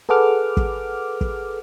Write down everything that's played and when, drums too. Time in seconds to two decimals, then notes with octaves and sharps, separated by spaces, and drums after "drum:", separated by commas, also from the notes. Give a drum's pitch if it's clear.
0.09 G#4 A4 B4 F#5 D6 F6
0.57 drum: kick
1.21 drum: kick